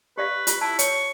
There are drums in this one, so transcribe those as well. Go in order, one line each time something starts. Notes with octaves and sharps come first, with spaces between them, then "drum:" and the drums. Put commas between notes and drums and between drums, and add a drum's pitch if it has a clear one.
G4 B4 D5 F5
F4 G4, drum: hi-hat
E4 A5
C#5 C#6, drum: hi-hat